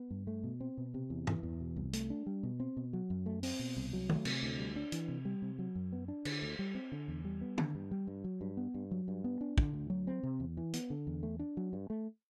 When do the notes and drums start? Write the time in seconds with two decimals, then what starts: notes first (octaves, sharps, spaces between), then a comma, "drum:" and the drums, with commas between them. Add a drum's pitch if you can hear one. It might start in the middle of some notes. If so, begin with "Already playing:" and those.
Already playing: B3
0.11 G2
0.27 A3
0.44 B2
0.60 C4
0.77 B2
0.94 C3
1.10 E2
1.27 E3, drum: tom G2
1.43 E2
1.60 B2
1.76 C2
1.93 A3, drum: hi-hat
2.10 D4
2.26 G3
2.43 B2
2.60 C4
2.77 B2
2.93 F#3
3.10 F#2
3.26 A3
3.43 C4, drum: open hi-hat
3.59 B2
3.77 C2
3.93 F#3
4.09 A3, drum: tom
4.25 C3, drum: cymbal
4.43 D2
4.59 G3
4.76 D4
4.92 E3, drum: hi-hat
5.08 C3
5.25 G3
5.42 C3
5.59 F#3
5.75 F#2
5.92 B3
6.08 D4
6.25 D3, drum: cymbal
6.42 D2
6.59 G3
6.75 C4
6.92 D3
7.08 E2
7.24 G3
7.41 B3
7.58 D3, drum: tom
7.75 G2
7.91 G3
8.07 G2
8.24 F#3
8.41 G2
8.57 B3
8.74 G2
8.91 F#3
9.08 G2
9.24 B3
9.41 D4
9.58 D3, drum: kick
9.73 D2
9.90 F#3
10.07 C4
10.23 C3
10.40 E2
10.57 E3
10.74 B3, drum: hi-hat
10.90 D3
11.07 E2
11.23 A3
11.39 D4
11.57 F#3
11.73 G2
11.90 A3